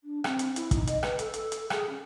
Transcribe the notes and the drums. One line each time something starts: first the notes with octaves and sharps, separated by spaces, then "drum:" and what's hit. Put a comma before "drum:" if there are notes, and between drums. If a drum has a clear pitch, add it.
D4
C4, drum: rim click
drum: hi-hat
E4, drum: hi-hat
D#4, drum: kick, hi-hat
D#5, drum: hi-hat
B4, drum: rim click
A4, drum: hi-hat
A4, drum: hi-hat
drum: hi-hat
G#4, drum: rim click
C#4